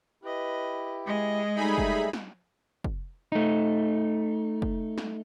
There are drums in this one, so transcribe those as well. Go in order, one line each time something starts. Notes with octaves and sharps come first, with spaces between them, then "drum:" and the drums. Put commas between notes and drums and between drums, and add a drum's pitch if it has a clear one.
E4 G4 B4 D#5
G#3 D#5
G3 A3 D#4 G#4 E5 B5
drum: kick
drum: snare
drum: kick
A3 D#4
drum: kick
drum: snare